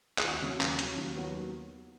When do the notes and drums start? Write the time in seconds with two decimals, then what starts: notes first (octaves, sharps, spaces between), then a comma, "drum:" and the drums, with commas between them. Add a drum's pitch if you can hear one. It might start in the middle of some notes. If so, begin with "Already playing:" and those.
0.18 G#4, drum: clap
0.24 D#2 F#4
0.42 C#3 F#3
0.61 D#2, drum: clap
0.79 C#3 F#3, drum: hi-hat
0.98 D#2
1.16 D#3 F#3 B3